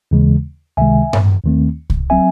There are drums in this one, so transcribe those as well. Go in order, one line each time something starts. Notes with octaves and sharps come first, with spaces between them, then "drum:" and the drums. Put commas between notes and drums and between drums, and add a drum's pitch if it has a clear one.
D#2 C#3 E3 G#3
C#2 C3 D#3 G#3 E5 G#5
drum: tom G2
D#2 D#3 A3 C4
drum: kick C2
F#3 C4 E5 G#5